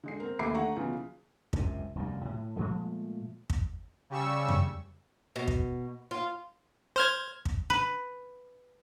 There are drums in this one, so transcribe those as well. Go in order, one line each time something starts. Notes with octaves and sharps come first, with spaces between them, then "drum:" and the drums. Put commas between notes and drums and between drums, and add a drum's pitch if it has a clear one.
D3 G#3 C7
C4 A#4
D#2 A3 E5 B5 D6 C7
D3 A3 F#5 A#5 C#6
B1 C#3 E3 F4
C#2 F#2 C3, drum: kick
F1 C2 F#2 G3
A2
A#2 F3 G#3 A3
drum: kick
C#3 G3 C#6 E6
drum: tom F2
B2
drum: kick
F4
C5 F6 G#6
drum: kick
B4